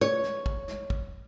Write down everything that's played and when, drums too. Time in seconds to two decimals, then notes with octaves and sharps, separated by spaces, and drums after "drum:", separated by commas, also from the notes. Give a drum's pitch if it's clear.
0.01 C#5
0.24 drum: snare
0.46 drum: kick
0.68 drum: snare
0.90 drum: kick